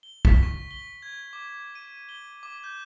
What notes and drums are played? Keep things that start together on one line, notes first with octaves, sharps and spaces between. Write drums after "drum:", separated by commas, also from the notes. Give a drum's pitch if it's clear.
G7
B6, drum: kick
C#6
G7
G#6
D6
D#7
G7
D6
G6